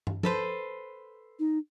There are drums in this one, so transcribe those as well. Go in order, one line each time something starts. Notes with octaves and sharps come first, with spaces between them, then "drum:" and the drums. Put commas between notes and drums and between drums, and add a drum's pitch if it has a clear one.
drum: tom
A4 B4 C5, drum: tom F3
D#4